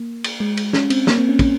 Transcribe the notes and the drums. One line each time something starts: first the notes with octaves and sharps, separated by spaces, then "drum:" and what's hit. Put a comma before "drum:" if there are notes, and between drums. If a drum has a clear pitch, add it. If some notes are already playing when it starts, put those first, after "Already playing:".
Already playing: A#3
drum: cymbal
G#3
drum: cymbal
C#4, drum: snare
C4, drum: cymbal
A#3, drum: snare
C4
C#4
C#4, drum: kick, cymbal